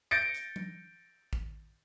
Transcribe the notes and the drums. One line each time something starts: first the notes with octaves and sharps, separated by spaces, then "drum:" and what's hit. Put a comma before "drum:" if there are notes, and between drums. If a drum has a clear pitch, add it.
G6 A6 A#6 C#7 D7
drum: hi-hat
drum: tom F#3
drum: kick A1